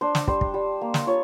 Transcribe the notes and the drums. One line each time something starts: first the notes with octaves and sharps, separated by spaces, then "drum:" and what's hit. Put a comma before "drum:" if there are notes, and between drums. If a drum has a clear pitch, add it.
D4 C5
drum: snare
G3 C5, drum: kick
drum: kick
G3
A#3
drum: snare
F4 C#5